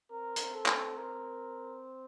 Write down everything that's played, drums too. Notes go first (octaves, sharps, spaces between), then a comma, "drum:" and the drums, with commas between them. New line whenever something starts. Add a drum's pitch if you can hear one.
C4 A#4
drum: hi-hat
A4
drum: clap
A#4